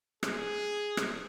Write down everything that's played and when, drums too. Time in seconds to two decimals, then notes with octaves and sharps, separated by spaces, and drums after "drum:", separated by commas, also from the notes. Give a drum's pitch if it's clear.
0.23 G#4, drum: rim click
0.97 drum: rim click